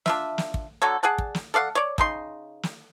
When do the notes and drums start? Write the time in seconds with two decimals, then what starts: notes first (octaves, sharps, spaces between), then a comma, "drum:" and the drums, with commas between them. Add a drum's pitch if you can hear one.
0.06 D4 F4 E5, drum: snare
0.38 drum: snare
0.54 drum: kick
0.82 D3 F#3 A4 C#5
1.03 G#4 D5 F#5 A5
1.18 drum: kick
1.35 drum: snare
1.54 A4 D5 F5 F#5
1.75 C#5 D5
1.98 C#3 D#4 C6, drum: kick
2.63 drum: snare